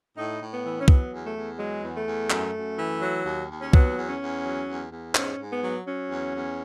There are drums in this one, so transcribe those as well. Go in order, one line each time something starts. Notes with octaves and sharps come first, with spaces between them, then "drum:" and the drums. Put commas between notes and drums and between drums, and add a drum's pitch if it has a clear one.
A2 D#4
A2
B3
E3
C#4
F#3 B3, drum: kick C2
E2
A3
E2
F#3 G#3
E2
A3
E2
F#2, drum: clap
F#2
E3
F#3
D#2
D#2
C#4
F#3 B3, drum: kick C2
E2
C#4
E2
F#3
E2
E2
G#2 C#4, drum: clap
G#2
B3
F#3
F#3 C#4
E2
E2